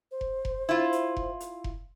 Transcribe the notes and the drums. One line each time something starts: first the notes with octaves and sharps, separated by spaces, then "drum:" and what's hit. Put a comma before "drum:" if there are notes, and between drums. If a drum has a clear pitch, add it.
C5
drum: kick F1
drum: kick F1
E4 F4
drum: hi-hat
drum: kick F1
drum: hi-hat
drum: kick F1